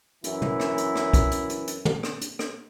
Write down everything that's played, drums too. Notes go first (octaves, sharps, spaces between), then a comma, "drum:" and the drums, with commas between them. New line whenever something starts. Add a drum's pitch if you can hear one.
F#2 E3 E4, drum: hi-hat
drum: tom
drum: rim click
drum: hi-hat
drum: rim click
drum: kick, hi-hat
drum: hi-hat
drum: hi-hat
drum: hi-hat
drum: tom
drum: rim click
drum: hi-hat
drum: rim click